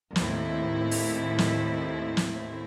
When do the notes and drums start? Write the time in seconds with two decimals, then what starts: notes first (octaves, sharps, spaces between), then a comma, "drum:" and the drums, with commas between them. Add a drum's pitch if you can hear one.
0.16 D#2 A2 C4 E4, drum: snare
0.91 drum: open hi-hat
1.38 drum: snare
2.17 drum: snare